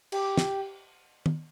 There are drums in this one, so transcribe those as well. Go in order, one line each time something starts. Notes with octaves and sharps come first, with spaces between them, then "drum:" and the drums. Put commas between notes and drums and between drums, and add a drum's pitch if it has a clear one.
G4, drum: cymbal
drum: snare
drum: tom D#3